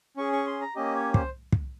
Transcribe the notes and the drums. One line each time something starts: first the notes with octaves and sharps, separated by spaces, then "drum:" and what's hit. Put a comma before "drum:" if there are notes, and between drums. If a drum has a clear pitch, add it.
C#4 G#4 C#6
C#6
C6
A#5
A#3 C#4 G4 D#5
C#5
C5, drum: kick
drum: kick